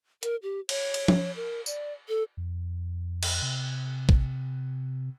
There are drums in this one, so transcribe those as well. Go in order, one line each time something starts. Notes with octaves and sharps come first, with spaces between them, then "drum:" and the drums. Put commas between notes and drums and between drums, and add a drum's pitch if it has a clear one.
A#4, drum: hi-hat
G4
C#5, drum: cymbal
drum: cymbal
drum: tom F3
A#4
D5, drum: tambourine
A4
F2
drum: cymbal
C3
drum: kick